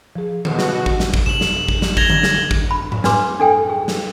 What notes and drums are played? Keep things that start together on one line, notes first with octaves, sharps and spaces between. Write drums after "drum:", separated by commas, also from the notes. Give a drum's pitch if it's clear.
F3 G#4
B2 F#4, drum: tom D3
drum: snare
drum: kick
drum: snare
drum: kick
E7 F#7, drum: tom C3
drum: snare
drum: kick
drum: snare
G#6 A#6 F7 G7, drum: kick
drum: tom D3
drum: snare
drum: kick
B5
drum: tom G#2
D4 B4 C6 D6, drum: snare
D4 A4 G5
G#4
drum: snare